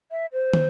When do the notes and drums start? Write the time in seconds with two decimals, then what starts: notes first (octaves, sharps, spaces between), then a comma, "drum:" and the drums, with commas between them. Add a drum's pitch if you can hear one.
0.11 E5
0.33 C5
0.53 drum: tom